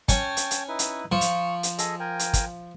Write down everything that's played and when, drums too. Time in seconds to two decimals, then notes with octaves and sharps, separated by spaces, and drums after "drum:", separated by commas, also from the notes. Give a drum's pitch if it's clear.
0.09 C#4 C#5 G5 A5, drum: kick, hi-hat
0.37 drum: hi-hat
0.51 drum: hi-hat
0.68 D#4 E4 B4
0.79 drum: hi-hat
1.12 F3 C#6
1.21 drum: hi-hat
1.63 drum: hi-hat
1.78 G#4 A4 D#5, drum: hi-hat
2.00 A#4 G5 G#5
2.19 drum: hi-hat
2.34 drum: kick, hi-hat